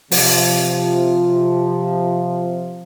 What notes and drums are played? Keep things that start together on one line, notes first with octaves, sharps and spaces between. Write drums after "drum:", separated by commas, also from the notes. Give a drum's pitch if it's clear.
C3 F3, drum: open hi-hat